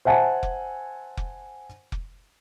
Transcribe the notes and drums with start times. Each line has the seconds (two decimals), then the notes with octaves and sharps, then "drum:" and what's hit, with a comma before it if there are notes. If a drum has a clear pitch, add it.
0.05 C5 E5 F#5 G#5 A5
0.43 drum: kick F1
1.17 drum: kick F1
1.92 drum: kick F1